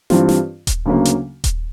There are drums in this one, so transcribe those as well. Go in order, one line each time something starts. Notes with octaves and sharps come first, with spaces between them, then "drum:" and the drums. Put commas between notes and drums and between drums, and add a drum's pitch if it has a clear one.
G2 E3 G3 C4 F4, drum: snare
drum: snare
drum: kick D#1, hi-hat
D2 C#3 F#3 A#3
drum: hi-hat
drum: kick D#1, hi-hat